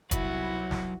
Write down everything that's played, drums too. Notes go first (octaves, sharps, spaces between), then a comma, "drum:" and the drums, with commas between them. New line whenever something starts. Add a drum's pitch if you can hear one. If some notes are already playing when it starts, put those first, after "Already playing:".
C2 F#3 E4 F#4 B4, drum: kick, hi-hat
drum: snare